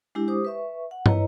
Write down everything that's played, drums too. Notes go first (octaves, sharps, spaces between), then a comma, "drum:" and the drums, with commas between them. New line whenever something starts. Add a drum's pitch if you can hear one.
G#3 D4 E4 G4
G4 C5 D6 D#6
B4 E5 C#6
F#5
E4 B4 C#5 D#5 A#5, drum: tom